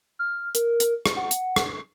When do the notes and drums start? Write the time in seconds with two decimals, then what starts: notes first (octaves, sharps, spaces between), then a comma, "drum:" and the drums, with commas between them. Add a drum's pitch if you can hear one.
0.19 F6
0.55 A#4, drum: hi-hat
0.80 drum: hi-hat
1.06 drum: rim click
1.17 F#5
1.31 drum: hi-hat
1.56 drum: rim click